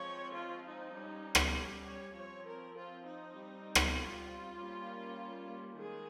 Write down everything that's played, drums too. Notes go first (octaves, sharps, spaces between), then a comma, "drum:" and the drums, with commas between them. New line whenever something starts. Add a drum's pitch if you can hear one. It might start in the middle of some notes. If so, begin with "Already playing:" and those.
Already playing: F3 G#3 C4 C#5
F4
D#4
G3 C#4
drum: rim click
C#5
F3 C4 C#5
A#4
F4
D#4
G3 C4
drum: rim click
F4
G3 A#3 C#4
D#3 G#3 G#4